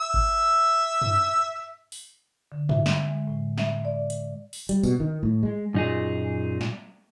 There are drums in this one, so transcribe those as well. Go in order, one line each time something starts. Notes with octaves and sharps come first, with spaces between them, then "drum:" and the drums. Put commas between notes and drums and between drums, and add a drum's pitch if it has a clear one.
E5 E6
drum: kick G#1
drum: tom
drum: open hi-hat
D3
E5, drum: tom
drum: snare
G#3
A2
E5, drum: snare
D5
drum: hi-hat
drum: open hi-hat
G3, drum: hi-hat
B2, drum: tambourine
D#3
A2
G#3
F#2 A#2 D#4 G#4
drum: snare